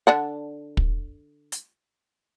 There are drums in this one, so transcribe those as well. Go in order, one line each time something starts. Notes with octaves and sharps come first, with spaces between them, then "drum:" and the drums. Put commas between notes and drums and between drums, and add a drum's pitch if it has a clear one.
D3 D4 F#5
drum: kick
drum: hi-hat